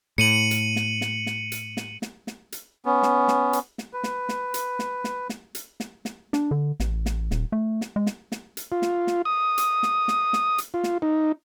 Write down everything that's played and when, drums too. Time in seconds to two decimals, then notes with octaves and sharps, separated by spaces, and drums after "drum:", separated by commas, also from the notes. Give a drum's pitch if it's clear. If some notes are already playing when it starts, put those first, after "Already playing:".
0.18 A2 C#7 D#7 F#7
0.51 drum: hi-hat
0.76 drum: snare
1.01 drum: snare
1.26 drum: snare
1.52 drum: hi-hat
1.77 drum: snare
2.02 drum: snare
2.27 drum: snare
2.52 drum: hi-hat
2.86 B3 C#4
3.03 drum: snare
3.28 drum: snare
3.53 drum: hi-hat
3.78 drum: snare
3.93 B4
4.03 drum: snare
4.29 drum: snare
4.54 drum: hi-hat
4.79 drum: snare
5.04 drum: snare
5.29 drum: snare
5.55 drum: hi-hat
5.80 drum: snare
6.05 drum: snare
6.33 D4, drum: snare
6.51 D3
6.80 A1, drum: snare
7.06 drum: snare
7.31 D#1, drum: snare
7.52 A3
7.81 drum: snare
7.96 G#3
8.06 drum: snare
8.32 drum: snare
8.57 drum: hi-hat
8.72 F4
8.82 drum: snare
9.07 drum: snare
9.25 D#6
9.58 drum: hi-hat
9.83 drum: snare
10.08 drum: snare
10.33 drum: snare
10.58 drum: hi-hat
10.74 F4
10.84 drum: snare
11.02 D#4